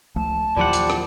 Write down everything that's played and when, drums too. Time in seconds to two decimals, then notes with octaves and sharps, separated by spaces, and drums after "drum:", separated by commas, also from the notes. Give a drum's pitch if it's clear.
0.16 C#2 F3 A3 A5
0.57 D#2 A#2 F3 F#3 E4 G4 D5 F#5
0.73 drum: hi-hat
0.90 drum: rim click